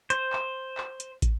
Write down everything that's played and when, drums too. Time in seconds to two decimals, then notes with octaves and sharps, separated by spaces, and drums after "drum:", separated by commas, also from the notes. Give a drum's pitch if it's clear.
0.10 C5, drum: hi-hat
0.33 drum: clap
0.77 drum: clap
1.00 drum: hi-hat
1.22 drum: kick, hi-hat